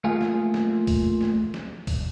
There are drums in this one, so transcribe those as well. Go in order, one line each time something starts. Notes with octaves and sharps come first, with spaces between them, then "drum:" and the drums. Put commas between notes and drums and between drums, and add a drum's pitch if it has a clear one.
A3 A#3 F4 G#4 F5
drum: snare
drum: snare
drum: kick, open hi-hat
drum: snare
drum: snare
drum: kick, open hi-hat